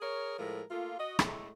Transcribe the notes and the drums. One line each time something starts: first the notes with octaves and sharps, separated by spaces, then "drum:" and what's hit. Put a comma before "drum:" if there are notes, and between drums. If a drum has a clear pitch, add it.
G#4 A#4 C#5
A2 F3 G#3 A#4
A3 A#3 F4
F#4 D#5
A2 G#3 A3, drum: rim click